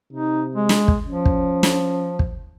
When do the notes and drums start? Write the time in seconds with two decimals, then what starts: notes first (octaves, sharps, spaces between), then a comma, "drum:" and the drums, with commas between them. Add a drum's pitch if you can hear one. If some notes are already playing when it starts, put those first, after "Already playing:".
0.13 C3 D#4
0.56 G#3
0.69 drum: snare
0.88 drum: kick
1.07 F3 C#4
1.25 drum: kick
1.63 drum: snare
2.19 drum: kick